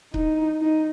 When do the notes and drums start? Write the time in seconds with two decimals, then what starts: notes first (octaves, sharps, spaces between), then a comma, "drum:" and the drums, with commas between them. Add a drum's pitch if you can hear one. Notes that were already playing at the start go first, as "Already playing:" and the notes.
0.14 D#4, drum: kick C#1
0.61 D#4